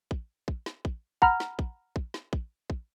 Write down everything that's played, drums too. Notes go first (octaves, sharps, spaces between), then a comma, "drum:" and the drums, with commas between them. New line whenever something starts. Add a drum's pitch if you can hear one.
drum: kick
drum: kick
drum: snare
drum: kick
F#5 A#5 B5 F6, drum: kick
drum: snare
drum: kick
drum: kick
drum: snare
drum: kick
drum: kick